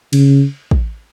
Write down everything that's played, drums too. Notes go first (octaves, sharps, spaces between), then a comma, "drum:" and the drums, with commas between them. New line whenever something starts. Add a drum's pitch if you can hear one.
C#3, drum: cymbal
drum: kick